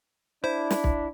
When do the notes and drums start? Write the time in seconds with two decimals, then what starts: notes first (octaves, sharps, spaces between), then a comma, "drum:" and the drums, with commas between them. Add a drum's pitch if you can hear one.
0.44 D4 E4 C5
0.71 drum: snare
0.84 drum: kick